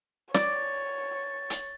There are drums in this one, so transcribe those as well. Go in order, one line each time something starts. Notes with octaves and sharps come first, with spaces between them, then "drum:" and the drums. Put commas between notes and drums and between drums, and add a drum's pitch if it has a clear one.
C#5 D5 A6, drum: snare
drum: hi-hat